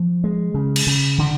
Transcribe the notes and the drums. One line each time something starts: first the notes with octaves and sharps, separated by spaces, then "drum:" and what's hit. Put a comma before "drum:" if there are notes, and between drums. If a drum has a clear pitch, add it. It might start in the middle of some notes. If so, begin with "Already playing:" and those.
Already playing: F3
G#3
C#3
drum: cymbal
C#3
D3